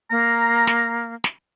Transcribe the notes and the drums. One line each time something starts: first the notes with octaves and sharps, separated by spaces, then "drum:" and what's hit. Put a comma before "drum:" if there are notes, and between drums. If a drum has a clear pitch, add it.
A#3 A#5
drum: snare
drum: snare